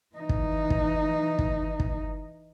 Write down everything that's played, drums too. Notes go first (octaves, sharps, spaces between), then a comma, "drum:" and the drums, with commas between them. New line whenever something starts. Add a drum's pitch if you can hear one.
E3 D#4
drum: kick
drum: kick
drum: kick
drum: kick